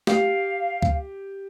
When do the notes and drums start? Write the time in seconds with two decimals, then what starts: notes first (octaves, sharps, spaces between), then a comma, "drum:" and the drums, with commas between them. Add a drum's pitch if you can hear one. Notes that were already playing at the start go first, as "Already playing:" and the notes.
0.07 G4 F5, drum: snare
0.83 drum: kick C#2